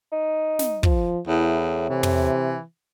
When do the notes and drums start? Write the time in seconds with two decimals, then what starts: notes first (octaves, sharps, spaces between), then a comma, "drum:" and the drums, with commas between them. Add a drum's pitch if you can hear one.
0.12 D#4
0.59 drum: snare
0.83 F3, drum: kick
1.28 E2 A2 E4
1.90 C3 E3
2.03 drum: tom